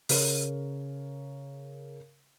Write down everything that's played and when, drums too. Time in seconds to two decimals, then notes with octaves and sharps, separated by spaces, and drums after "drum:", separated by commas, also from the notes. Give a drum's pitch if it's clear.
0.09 C#3 A#4 C#5, drum: open hi-hat